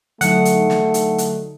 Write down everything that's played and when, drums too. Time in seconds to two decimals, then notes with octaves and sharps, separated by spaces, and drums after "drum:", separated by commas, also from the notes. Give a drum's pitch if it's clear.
0.21 D3 F#3 A3 D#4 F#5, drum: hi-hat
0.45 drum: hi-hat
0.70 drum: snare
0.94 drum: hi-hat
1.18 drum: hi-hat